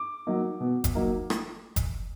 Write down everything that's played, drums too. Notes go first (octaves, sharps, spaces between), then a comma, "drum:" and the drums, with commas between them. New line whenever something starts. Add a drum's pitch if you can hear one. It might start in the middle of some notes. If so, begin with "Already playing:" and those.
Already playing: D6
F#3 A#3 D#4
B2
drum: kick F#1, hi-hat
F#3 A#3 D#4
drum: rim click
drum: kick F#1, hi-hat